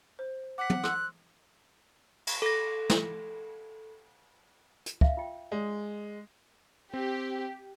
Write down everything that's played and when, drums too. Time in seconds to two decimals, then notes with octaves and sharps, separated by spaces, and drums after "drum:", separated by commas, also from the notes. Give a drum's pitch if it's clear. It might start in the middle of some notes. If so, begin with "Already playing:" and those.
0.19 C5
0.58 F#5 D6 B6
0.70 drum: tom
0.84 C6 E6 F#6, drum: rim click
2.27 drum: cymbal
2.42 A4 A#6
2.89 drum: snare
4.86 drum: hi-hat
5.01 E5 F5, drum: kick
5.17 F4 G5
5.52 G#3 D5
6.94 C4 G4